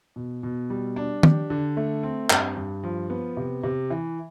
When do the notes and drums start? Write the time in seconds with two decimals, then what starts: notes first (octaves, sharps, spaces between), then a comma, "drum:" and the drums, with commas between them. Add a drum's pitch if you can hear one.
0.16 B2
0.43 B2
0.70 G3
0.96 D4
1.23 G4, drum: tom
1.50 D3
1.77 A3
2.03 C4
2.30 G2, drum: clap
2.56 G2
2.83 F3
3.10 B3
3.37 C3
3.63 C3
3.90 E3